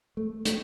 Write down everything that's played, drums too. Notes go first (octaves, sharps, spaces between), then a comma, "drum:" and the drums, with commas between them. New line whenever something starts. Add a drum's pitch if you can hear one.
A3
A3, drum: hi-hat